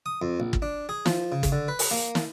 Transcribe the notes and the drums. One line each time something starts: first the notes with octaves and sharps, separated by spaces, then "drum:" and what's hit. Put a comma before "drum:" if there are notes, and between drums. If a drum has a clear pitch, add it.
D#6
F2
A#1
drum: kick
D4
G#4
F3, drum: snare
C#3
drum: kick, hi-hat
D3
B4
drum: open hi-hat
A#3
drum: snare